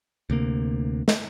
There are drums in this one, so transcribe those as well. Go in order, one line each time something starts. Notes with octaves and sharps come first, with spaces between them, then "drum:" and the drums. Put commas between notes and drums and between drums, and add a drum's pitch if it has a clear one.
D2 C3 A#3
drum: snare